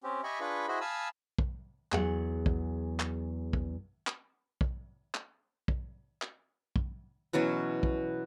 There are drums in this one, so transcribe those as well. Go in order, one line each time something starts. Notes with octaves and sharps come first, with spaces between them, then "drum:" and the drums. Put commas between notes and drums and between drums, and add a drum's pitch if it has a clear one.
C4 C#4 G4
G4 D#5 E5 G#5 B5 C#6
D4 F4 G#4 B4 B5 C#6
E4 F#4 G#4 C5 D#5 B5
F5 G#5 A5 B5 D#6 E6
drum: kick
E2 F#3 G#4 F#5, drum: clap
drum: kick
drum: clap
drum: kick
drum: clap
drum: kick
drum: clap
drum: kick
drum: clap
drum: kick
B2 E3 F#3 C#4
drum: kick